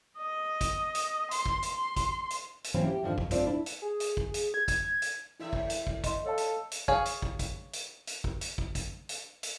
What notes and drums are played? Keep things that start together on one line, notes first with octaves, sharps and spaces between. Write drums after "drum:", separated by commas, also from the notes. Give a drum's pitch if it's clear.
D#5
drum: kick, hi-hat
drum: hi-hat
C6, drum: hi-hat
drum: kick
drum: hi-hat
C6
drum: kick, hi-hat
drum: hi-hat
drum: hi-hat
E3 F#3 A#3 C4 C#4 E4
G4
F2 G#2 D3 D#3 F3
F2, drum: kick
G2 A3 C4 F4 D5, drum: kick, hi-hat
D4 E4
drum: hi-hat
G#4
drum: hi-hat
drum: kick
drum: hi-hat
G#6
drum: kick, hi-hat
drum: hi-hat
E2 A2 E4 E5
drum: kick
drum: hi-hat
drum: kick
D#5 C6, drum: kick, hi-hat
A4 C#5 F5 A5
drum: hi-hat
drum: hi-hat
G#4 C#5 F5 G#5, drum: kick
drum: hi-hat
drum: kick
drum: kick, hi-hat
drum: hi-hat
drum: hi-hat
drum: kick
drum: hi-hat
drum: kick
drum: kick, hi-hat
drum: hi-hat
drum: hi-hat